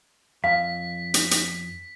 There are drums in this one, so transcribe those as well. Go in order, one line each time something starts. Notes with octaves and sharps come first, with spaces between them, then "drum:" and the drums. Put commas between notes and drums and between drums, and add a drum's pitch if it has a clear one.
F2 F5 B6
drum: hi-hat
drum: hi-hat